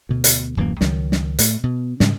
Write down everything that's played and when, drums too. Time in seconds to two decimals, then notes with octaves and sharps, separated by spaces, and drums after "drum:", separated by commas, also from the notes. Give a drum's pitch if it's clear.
0.09 D2 B2
0.24 drum: hi-hat
0.57 D1 F#2 E3 A#3
0.81 C#2 D#3 F#3, drum: snare
1.12 drum: snare
1.39 A2 A3, drum: hi-hat
1.63 B2
2.00 G#2 C#3 G3 G#3, drum: snare